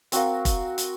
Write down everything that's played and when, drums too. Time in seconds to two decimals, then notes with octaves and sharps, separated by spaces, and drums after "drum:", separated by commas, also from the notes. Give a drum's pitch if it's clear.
0.12 C4 F#4 A#4 F5, drum: hi-hat
0.45 drum: kick F1, hi-hat
0.78 drum: hi-hat